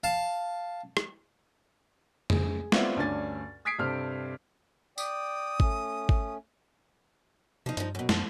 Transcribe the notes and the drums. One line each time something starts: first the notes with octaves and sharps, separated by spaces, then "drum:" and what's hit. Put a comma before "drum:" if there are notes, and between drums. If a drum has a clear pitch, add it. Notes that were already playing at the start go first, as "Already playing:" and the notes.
F5 A5
drum: rim click
G#4, drum: tom F2
B3 C4 F4 D5 E5, drum: snare
D2 G2 C#4 D4 G#5 A6
D#6 G#6 B6 C7 D7
G2 C3 A4 C5 F6
D5 G5 D#6, drum: tambourine
A3 C#4, drum: kick G#1
drum: kick G#1
C3 F3 D#4
G2 F3 D#4, drum: hi-hat
F#2 B2
F#2 F3, drum: snare